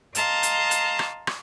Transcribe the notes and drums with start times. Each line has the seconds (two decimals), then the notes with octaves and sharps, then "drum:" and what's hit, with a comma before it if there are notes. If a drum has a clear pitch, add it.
0.15 D#5 F5 A5 A#5 C6, drum: hi-hat
0.43 drum: hi-hat
0.71 drum: hi-hat
0.99 drum: rim click
1.27 drum: rim click